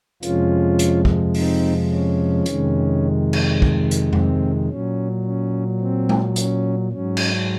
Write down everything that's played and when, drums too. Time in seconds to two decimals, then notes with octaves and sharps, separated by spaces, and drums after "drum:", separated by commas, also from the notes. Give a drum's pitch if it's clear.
0.23 F2 C3 F3 G#3 C#4 F4, drum: hi-hat
0.79 drum: hi-hat
1.05 drum: kick
1.34 C4 D#4, drum: open hi-hat
1.90 C#4
2.46 F2 C3 D#3 G#3, drum: hi-hat
3.33 drum: cymbal
3.62 drum: kick
3.91 drum: hi-hat
4.13 C4, drum: tom F2
4.69 A#2 F#3 C#4
5.25 C#4
5.80 C4
6.09 drum: tom G#3
6.36 C#4, drum: hi-hat
6.92 G#2 F#3 C#4
7.17 drum: cymbal